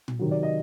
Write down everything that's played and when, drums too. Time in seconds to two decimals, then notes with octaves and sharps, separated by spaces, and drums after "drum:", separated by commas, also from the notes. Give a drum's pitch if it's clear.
0.08 drum: tom A#2
0.19 C3 D#3 F#3
0.31 D5
0.43 D#5